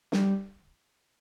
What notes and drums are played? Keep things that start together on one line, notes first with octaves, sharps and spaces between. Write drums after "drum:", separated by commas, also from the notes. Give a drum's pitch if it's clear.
G3, drum: snare